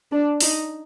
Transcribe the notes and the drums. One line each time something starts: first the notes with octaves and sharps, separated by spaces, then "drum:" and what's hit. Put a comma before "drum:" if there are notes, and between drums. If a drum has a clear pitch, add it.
D4
D#4, drum: open hi-hat